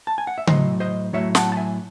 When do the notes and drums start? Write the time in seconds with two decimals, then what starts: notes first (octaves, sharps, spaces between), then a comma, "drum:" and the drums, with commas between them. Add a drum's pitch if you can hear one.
0.07 A5
0.18 G#5
0.27 F#5
0.38 E5
0.47 A2 F#3 C5 D#5, drum: tom C#3
0.80 C5 D#5
1.13 A2 F#3 C#5 E5
1.35 F#5 A5, drum: snare
1.52 A5
1.57 E5 G#5